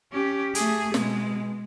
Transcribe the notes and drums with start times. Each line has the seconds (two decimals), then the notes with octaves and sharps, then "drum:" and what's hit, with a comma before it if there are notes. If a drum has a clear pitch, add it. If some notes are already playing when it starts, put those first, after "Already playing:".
0.13 C#4 G4
0.55 A3 G#4, drum: hi-hat
0.94 B2 G#3, drum: snare